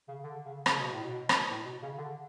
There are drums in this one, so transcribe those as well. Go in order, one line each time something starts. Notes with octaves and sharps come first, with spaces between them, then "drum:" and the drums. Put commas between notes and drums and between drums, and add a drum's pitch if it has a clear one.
C#3
D3
C#3
C#3, drum: rim click
B2
A2
B2
drum: rim click
A2
B2
C#3
D3